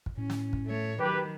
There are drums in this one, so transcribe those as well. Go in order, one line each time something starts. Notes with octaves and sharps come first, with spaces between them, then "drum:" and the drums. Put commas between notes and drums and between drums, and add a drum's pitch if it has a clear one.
drum: kick
A2 C#4
drum: snare
drum: kick
A3 C#5
D#3 F#3 G4 B4